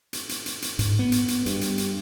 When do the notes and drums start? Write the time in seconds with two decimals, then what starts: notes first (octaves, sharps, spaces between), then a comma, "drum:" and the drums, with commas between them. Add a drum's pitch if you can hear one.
0.13 drum: hi-hat
0.29 drum: hi-hat
0.46 drum: hi-hat
0.62 drum: hi-hat
0.79 G#2, drum: hi-hat
0.99 B3
1.12 drum: hi-hat
1.28 drum: hi-hat
1.46 G2, drum: hi-hat
1.61 drum: hi-hat
1.78 drum: hi-hat